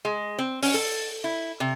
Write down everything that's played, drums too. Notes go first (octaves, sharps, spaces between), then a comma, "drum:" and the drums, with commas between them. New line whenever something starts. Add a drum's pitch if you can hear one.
G#3
C4
C#4, drum: open hi-hat
A4
E4
C3